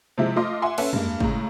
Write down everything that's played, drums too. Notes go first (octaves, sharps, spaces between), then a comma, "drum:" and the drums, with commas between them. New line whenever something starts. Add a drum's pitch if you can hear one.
C3 F3 G#3 E4
A3 F4 D#5 C6 D6
E5 F#5 G#5 C6 D6
C#4 A4 B4 E5, drum: cymbal
G2 G#3 A#3, drum: tom
A2 C#3 G#3 A#5, drum: kick